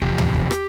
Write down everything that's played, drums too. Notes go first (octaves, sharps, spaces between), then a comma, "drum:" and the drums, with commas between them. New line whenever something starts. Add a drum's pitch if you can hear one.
E2 C3 F3 G4, drum: kick E2
drum: tom
drum: kick E2
drum: rim click